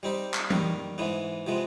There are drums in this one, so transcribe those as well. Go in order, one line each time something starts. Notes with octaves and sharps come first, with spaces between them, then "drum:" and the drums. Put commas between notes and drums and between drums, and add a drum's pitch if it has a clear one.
G3 C4 D#4 G4
drum: clap
D#3 G3 A#3, drum: tom E3
G#2 E3 G#3 B3
C3 F3 G#3 B3